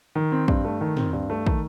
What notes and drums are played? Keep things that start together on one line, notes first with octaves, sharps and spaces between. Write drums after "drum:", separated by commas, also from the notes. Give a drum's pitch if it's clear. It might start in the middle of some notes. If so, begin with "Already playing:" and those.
D#3
C4
G2, drum: kick
A3
D#3
C4, drum: tom
G2
A3
D#3, drum: kick